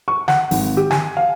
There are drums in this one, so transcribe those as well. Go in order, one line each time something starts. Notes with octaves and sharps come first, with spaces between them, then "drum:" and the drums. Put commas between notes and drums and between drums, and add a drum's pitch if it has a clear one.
C#6
F#5, drum: snare
G#1, drum: open hi-hat
G4
G#5, drum: snare
F5